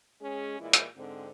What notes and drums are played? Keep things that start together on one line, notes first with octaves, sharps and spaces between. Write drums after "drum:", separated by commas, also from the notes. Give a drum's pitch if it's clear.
G#3 C#4 G#4
A#2 E3 G#3 E4
drum: hi-hat
G#2 D3 C4